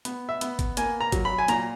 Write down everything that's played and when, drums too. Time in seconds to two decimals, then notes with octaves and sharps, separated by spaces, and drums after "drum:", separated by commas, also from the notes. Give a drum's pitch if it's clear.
0.05 B3, drum: hi-hat
0.29 E5
0.41 B3, drum: hi-hat
0.59 drum: kick, hi-hat
0.77 A#3 G#5, drum: hi-hat
1.01 A#5
1.12 F#3, drum: kick, hi-hat
1.25 B5
1.38 G#5
1.48 A#2 A#5, drum: hi-hat